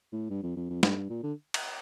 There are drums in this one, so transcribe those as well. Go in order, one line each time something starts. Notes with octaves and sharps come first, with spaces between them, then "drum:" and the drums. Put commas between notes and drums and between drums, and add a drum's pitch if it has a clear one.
A2
G2
F2
F2
F2
G2, drum: snare
G2
A#2
D3
drum: cymbal